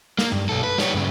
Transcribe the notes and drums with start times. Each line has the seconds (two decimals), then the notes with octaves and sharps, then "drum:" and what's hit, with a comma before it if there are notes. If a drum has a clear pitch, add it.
0.18 A#3, drum: snare
0.32 G2
0.49 B1 A4
0.63 B4
0.78 G3 C#5, drum: snare
0.94 G2 C#3